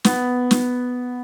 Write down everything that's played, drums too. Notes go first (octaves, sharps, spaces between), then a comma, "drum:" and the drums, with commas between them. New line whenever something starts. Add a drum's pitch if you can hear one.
B3, drum: snare
drum: snare